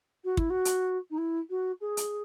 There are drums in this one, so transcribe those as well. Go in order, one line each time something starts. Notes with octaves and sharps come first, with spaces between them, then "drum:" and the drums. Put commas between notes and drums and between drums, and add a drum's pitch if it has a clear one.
F#4
E4, drum: kick
F#4
drum: hi-hat
D#4
E4
F#4
G#4
drum: hi-hat